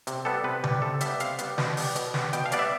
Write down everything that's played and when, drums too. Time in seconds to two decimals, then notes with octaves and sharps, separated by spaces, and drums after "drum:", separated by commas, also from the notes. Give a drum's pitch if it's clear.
0.07 C3, drum: hi-hat
0.25 G3 B3 A4
0.44 C3 B4
0.64 G3 B3, drum: tom C#3
0.82 C3 A4
1.01 G3 B3 E5, drum: hi-hat
1.20 C3 F5, drum: hi-hat
1.38 G3 B3, drum: hi-hat
1.58 B2, drum: snare
1.77 G3 B3, drum: open hi-hat
1.96 B2, drum: hi-hat
2.14 G3 B3, drum: snare
2.33 B2 G5, drum: hi-hat
2.46 F5
2.52 G3 B3 D5, drum: hi-hat
2.59 E5